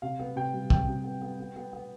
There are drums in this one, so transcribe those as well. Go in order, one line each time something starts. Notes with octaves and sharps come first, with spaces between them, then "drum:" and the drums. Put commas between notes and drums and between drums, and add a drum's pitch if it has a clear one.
C3 F5
B3
C3 G5
G3
C3 G5, drum: kick A#1
C3
B3
B3
B3
B3
B3